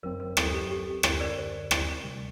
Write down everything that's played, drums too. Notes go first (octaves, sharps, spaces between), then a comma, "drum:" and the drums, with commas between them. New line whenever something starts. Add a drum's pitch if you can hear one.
G1 F#2 F#3 C4 A#4
A#4
A4, drum: rim click
G4
G4
G1 F#2 D3 C5, drum: rim click
A#4 D5
C5
drum: rim click
D2 C3 G3